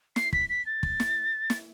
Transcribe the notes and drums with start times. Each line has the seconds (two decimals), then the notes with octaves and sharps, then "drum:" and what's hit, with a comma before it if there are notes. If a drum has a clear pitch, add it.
0.16 C7, drum: snare
0.33 B6, drum: kick
0.49 B6
0.66 A6
0.83 drum: kick
1.00 drum: snare
1.50 drum: snare